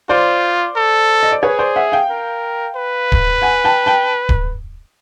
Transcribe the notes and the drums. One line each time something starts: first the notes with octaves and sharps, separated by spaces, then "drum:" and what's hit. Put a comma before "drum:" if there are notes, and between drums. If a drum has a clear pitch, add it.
F4 C5 D5
A4
D#5
D5
G#4 B4 C#5
C5 D5
E5 F#5
F5 G5
A#4
B4
drum: kick D1
F#5 G#5
G5 A5
G5 A5
drum: kick D1